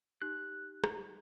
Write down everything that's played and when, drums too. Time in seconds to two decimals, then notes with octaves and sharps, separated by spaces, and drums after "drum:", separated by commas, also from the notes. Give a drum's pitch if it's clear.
0.22 D#4 G4 F#6
0.84 drum: rim click